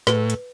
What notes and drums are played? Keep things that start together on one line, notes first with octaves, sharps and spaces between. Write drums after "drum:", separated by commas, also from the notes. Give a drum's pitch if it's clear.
A2 B4, drum: snare
drum: hi-hat